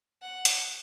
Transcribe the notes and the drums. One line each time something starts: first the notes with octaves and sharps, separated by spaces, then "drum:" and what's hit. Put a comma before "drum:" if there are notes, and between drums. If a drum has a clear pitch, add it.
F#5
drum: hi-hat